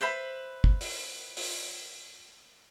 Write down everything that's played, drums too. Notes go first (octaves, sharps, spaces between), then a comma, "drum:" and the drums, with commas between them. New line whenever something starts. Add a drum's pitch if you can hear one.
B4 C5 E5 B5
drum: kick
drum: open hi-hat
drum: open hi-hat